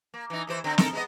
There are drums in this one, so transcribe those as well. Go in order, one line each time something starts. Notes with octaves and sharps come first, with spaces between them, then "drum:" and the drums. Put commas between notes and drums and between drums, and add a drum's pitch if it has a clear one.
A#3
E3 D#4
D#2 E3 C5
D3 C4
D#4 A4 A#4, drum: snare
G#3 B3 D#5